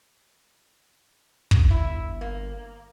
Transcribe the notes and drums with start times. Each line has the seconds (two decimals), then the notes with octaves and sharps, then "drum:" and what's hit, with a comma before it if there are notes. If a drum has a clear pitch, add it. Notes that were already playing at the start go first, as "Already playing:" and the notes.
1.51 drum: kick
1.70 G1 E4
2.21 A#3